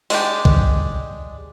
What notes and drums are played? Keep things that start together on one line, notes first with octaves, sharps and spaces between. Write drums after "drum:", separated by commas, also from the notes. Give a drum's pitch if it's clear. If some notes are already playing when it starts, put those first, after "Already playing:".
G#3 D4 G4, drum: open hi-hat
drum: kick